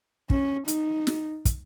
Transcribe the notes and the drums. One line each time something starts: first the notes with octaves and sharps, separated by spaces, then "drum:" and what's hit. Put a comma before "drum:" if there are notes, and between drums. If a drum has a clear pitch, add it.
C#4, drum: kick
D#4, drum: hi-hat
drum: snare
drum: kick, hi-hat